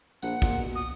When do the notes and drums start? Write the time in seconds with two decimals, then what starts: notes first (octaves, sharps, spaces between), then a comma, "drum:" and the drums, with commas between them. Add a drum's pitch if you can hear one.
0.22 A#1 F#5, drum: tambourine
0.42 A#2, drum: kick, tambourine
0.58 B2
0.75 D#6